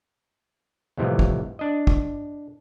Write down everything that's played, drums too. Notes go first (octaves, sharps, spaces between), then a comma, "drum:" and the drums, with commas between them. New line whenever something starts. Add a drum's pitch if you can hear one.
D#2 A2 C3 E3 F3 G3
drum: kick
D4 D#5
drum: kick